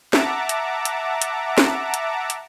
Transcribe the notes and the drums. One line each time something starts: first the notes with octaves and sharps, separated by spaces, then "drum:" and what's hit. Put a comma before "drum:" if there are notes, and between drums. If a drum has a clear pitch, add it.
E5 F#5 A5 A#5 D6, drum: snare
drum: hi-hat
drum: hi-hat
drum: hi-hat
drum: snare
drum: hi-hat
drum: hi-hat